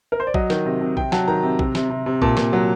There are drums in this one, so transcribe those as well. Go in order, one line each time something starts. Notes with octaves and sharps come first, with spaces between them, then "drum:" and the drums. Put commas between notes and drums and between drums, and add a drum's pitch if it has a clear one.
A#4
C5
D5
F#3 D#5, drum: kick A#1
D#3, drum: snare
C3
C3
C3 G5, drum: kick A#1
F#3 A5, drum: snare
D#3 A#5
C3
C3, drum: kick A#1
C3, drum: snare
C3
C3
A#2 A5, drum: kick A#1
A#2, drum: snare
F#3